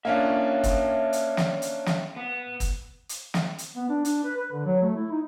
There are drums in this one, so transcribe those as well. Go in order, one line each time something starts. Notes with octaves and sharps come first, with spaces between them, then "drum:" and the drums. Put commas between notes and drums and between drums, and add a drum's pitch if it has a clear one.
A#3 C#4 D4 C#5 E5 F5
drum: kick, hi-hat
drum: hi-hat
drum: snare
drum: hi-hat
drum: snare
B3
drum: kick, hi-hat
drum: hi-hat
drum: snare
drum: hi-hat
B3
D4
D4, drum: hi-hat
B4
B4
D3
F#3
A3
E4
D#4